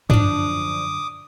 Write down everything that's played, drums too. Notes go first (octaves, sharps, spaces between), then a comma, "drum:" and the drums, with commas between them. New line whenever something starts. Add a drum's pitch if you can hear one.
F#2 D3 F3 D4 D6 D#6, drum: tom